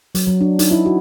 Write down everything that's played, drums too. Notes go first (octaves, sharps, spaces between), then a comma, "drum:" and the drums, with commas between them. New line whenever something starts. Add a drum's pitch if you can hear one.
F#3, drum: hi-hat
F#3
D4
D#4, drum: hi-hat
E4
F#4